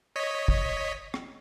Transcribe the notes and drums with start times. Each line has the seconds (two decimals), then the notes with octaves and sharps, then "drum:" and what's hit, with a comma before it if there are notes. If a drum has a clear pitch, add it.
0.16 C#5 D#5 B6
0.48 drum: kick
1.14 drum: rim click